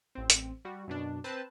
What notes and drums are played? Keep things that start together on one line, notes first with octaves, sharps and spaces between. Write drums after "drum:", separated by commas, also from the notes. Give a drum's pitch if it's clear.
A1 C4
drum: hi-hat
G3 F#4
F#2 B2 D4
C4 B4 C5 A5